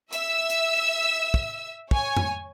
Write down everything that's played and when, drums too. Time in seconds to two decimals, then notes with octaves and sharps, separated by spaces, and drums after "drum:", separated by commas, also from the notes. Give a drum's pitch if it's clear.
0.12 E5 E6, drum: hi-hat
0.50 drum: hi-hat
1.34 drum: kick
1.91 C#5 G#5, drum: kick
2.16 drum: tom F2